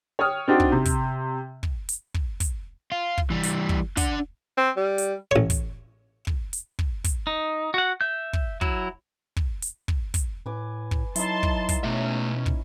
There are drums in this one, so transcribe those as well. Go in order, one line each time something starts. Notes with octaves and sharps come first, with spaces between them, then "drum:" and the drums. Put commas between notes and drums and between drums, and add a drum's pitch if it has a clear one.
C#5 G5 D#6 F6
C4 D4 D#4 F#4
drum: kick
C3
drum: kick, hi-hat
drum: kick
drum: hi-hat
drum: kick
drum: kick, hi-hat
F4
drum: kick
E3 G3
drum: hi-hat
drum: kick
D4 F#5, drum: kick, hi-hat
C4
G3
drum: hi-hat
A1 C#5
drum: kick, hi-hat
drum: kick
drum: hi-hat
drum: kick
drum: kick, hi-hat
D#4
F#4 F#5
E5 G6
drum: kick
F#3 E4, drum: kick
drum: kick
drum: hi-hat
drum: kick
drum: kick, hi-hat
A2 B4 G#5 D6
drum: kick
F#3 D#4 E4 A5 C6, drum: hi-hat
drum: kick
drum: kick, hi-hat
B2 A3 C#4 E5
drum: kick